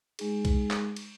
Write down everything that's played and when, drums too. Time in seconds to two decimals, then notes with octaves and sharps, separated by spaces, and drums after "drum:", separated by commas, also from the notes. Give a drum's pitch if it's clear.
0.19 G#3 D#4 G#4, drum: cymbal
0.45 drum: kick B1, cymbal
0.71 drum: clap
0.97 drum: cymbal